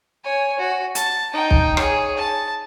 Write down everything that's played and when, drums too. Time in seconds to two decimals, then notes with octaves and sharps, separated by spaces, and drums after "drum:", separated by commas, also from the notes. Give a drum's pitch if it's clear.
0.24 C#5 G#5
0.59 F#4
0.95 A5, drum: hi-hat
1.33 D#4 G5
1.51 drum: kick
1.77 G#4 C#5, drum: rim click
2.17 A5